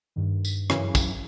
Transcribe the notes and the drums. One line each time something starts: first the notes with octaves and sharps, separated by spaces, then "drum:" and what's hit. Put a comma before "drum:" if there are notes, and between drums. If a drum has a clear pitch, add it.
G2 D#3
drum: tambourine
F#2 C#3 E3, drum: rim click
drum: kick, tambourine